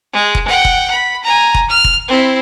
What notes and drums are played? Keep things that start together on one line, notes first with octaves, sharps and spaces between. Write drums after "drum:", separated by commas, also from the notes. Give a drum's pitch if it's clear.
G#3
drum: kick F1
F#5 G5
drum: kick F1
B5
G#5 A#5
drum: kick F1
F6
drum: kick F1
C4 E4